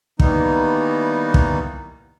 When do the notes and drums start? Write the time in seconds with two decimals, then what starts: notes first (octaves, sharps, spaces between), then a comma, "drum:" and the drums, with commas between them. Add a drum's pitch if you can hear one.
0.19 D#3 E3 G3 A#3 B3 D#4, drum: kick
1.34 drum: kick